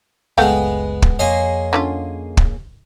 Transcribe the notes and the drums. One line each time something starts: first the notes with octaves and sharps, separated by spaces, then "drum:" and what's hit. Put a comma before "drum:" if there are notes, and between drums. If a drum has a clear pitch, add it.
F#1 C#2 G#3 A3 B3 F5 G5
drum: kick
F2 A#3 G#4 C#5 D#5 G#5 C6
D3 C#4 F4
drum: kick